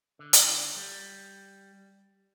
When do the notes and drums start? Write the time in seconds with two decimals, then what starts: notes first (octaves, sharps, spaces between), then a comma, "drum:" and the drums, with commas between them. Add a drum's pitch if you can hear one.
0.19 D3
0.33 drum: hi-hat
0.76 G3